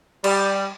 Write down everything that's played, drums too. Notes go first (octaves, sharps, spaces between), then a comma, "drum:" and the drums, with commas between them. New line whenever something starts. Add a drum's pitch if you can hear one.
G3, drum: cymbal